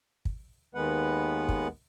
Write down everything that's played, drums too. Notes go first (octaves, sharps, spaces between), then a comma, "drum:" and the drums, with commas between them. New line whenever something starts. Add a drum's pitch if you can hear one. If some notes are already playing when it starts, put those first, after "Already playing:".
drum: kick
D#2 D#3 G#3 B3 B4 F#5
drum: kick